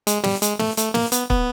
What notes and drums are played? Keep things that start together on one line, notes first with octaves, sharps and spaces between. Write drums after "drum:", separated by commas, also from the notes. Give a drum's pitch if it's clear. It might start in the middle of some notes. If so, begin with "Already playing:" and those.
G#3, drum: hi-hat
G3, drum: snare
G#3, drum: hi-hat
A3, drum: snare
A3, drum: hi-hat
A#3, drum: snare
B3, drum: hi-hat
B3, drum: kick